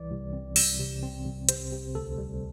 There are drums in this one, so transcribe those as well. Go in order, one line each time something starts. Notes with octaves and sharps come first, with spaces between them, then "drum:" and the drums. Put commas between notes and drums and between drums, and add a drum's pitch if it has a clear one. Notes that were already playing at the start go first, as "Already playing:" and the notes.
Already playing: C2 E3 D5
C2
C4
C2, drum: open hi-hat
C3
C4
C2
C3 C5, drum: hi-hat
C3
D2 A4
G3